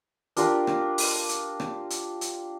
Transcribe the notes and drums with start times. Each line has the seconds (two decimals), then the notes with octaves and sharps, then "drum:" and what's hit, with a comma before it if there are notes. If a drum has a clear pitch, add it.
0.37 D4 F4 G4 A#4, drum: hi-hat
0.67 drum: rim click
0.98 drum: open hi-hat
1.29 drum: hi-hat
1.60 drum: rim click
1.90 drum: hi-hat
2.21 drum: hi-hat